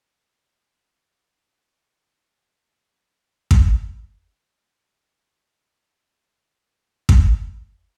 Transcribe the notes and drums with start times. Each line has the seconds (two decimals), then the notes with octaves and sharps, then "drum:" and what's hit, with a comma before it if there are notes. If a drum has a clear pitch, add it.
0.02 F#3 C#4 F4 A4
1.93 G5
2.07 D#3
2.22 C#5
2.39 E5
2.52 F#4
2.66 D#3
2.79 G#4
2.93 F#3
3.07 C6
3.24 D#2
3.51 drum: kick
4.32 F#1 D3 F#3
4.56 A#2
4.88 A2 C#3
5.64 F3 G#3 D4 F5
6.60 C3 G3 D#4 F4
7.09 drum: kick